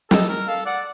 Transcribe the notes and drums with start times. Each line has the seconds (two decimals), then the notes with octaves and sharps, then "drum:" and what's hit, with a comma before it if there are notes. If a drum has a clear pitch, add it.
0.11 A4 D#5, drum: snare
0.29 A#4
0.48 A4 F5
0.66 D5 F#5